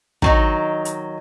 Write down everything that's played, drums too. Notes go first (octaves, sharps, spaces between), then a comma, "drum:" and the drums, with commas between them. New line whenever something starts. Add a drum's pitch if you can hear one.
D#3 F#3 D#4, drum: kick
drum: hi-hat